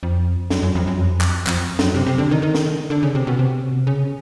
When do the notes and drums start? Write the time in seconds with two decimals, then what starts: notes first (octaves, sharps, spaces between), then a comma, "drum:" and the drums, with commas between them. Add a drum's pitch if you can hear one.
0.03 F2
0.50 F#2, drum: snare
0.63 F#2
0.75 F2
0.87 F#2
0.99 F2
1.21 drum: clap
1.47 F2, drum: clap
1.79 F#2, drum: snare
1.95 C3
2.06 C3
2.18 D3
2.31 D#3
2.42 D#3
2.55 drum: snare
2.90 D3
3.03 C#3
3.15 C3
3.27 B2
3.39 C3
3.87 C#3